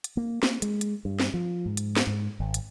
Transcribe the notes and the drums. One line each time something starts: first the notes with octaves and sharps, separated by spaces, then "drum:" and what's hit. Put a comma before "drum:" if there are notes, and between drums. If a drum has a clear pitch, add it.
drum: hi-hat
A#3
A#3, drum: snare
G#3, drum: hi-hat
drum: hi-hat
G2
drum: snare
F3
G#2
drum: hi-hat
drum: snare
G#2
G#1
drum: hi-hat